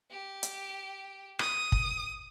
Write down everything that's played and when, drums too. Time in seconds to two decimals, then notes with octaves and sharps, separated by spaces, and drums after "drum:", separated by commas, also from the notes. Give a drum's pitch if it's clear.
0.11 G4
0.43 drum: hi-hat
1.39 D#6, drum: rim click
1.72 drum: kick